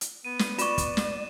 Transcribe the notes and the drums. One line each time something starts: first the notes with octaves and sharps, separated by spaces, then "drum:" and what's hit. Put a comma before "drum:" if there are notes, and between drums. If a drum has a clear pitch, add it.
drum: hi-hat
B3 D#7
drum: snare
F4 D5 C#6 E7, drum: hi-hat
drum: kick, hi-hat
drum: snare